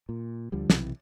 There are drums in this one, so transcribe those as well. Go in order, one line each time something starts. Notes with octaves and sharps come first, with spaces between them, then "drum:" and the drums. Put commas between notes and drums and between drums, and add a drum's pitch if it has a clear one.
A#2
D2 D3 F3 G3
B1 C3 E3, drum: snare